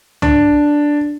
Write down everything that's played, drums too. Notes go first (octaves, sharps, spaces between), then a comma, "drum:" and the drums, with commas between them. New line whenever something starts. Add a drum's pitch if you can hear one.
D4, drum: tom